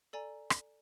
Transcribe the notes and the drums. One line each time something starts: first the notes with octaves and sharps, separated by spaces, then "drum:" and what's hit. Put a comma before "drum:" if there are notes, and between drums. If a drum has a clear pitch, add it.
A4 D5 G#5 A#5
drum: rim click